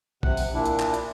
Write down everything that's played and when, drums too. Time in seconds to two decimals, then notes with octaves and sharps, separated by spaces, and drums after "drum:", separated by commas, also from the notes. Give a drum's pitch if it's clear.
0.23 C3 F#5, drum: kick A#1
0.37 drum: open hi-hat
0.54 A#2 D4 E4
0.66 drum: hi-hat
0.80 drum: clap
0.94 drum: hi-hat